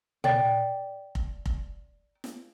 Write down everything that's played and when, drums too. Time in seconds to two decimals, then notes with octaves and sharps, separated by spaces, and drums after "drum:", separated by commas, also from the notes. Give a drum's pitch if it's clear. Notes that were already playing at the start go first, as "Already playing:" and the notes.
0.24 D5 G5, drum: tom
1.15 drum: kick F1
1.46 drum: kick F1
2.24 drum: snare